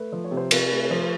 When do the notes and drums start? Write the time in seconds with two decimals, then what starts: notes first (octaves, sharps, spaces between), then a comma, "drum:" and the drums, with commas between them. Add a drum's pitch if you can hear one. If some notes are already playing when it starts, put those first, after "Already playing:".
Already playing: A3 B4
0.12 F3
0.24 C#5
0.31 C3
0.37 C5
0.51 C3 B4, drum: cymbal
0.71 A3 B4
0.84 C#5
0.91 F3 C5
1.01 B4